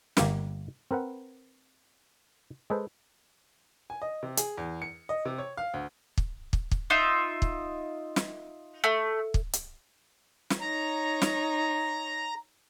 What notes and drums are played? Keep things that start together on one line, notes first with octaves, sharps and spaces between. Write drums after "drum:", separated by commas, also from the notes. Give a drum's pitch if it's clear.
G1 A#3 G4 A#4 F5, drum: snare
C4 A#4 B4 F#5
G#3 G#4 A4 B4 C5
G#5
D#5
C3
G#4, drum: hi-hat
E2
C#7
D#5
C3
C#5
F5
D2
drum: kick
drum: kick
drum: kick
D#4 F4 E5
drum: kick
drum: snare
A3
drum: kick
drum: hi-hat
drum: snare
D#4 C#5 A#5
drum: snare